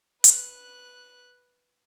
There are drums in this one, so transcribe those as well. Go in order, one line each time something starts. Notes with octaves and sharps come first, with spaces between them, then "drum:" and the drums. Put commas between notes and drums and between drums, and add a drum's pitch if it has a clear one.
B4 F#6, drum: hi-hat